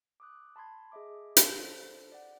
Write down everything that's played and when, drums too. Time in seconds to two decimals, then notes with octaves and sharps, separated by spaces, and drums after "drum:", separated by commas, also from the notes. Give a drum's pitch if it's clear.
0.20 D6 D#6 F#6
0.56 A5 B5 C6 G#6
0.92 G#4 D#5 E5 D6
1.37 drum: hi-hat
1.57 D4 A4 C5
2.12 D5 F#5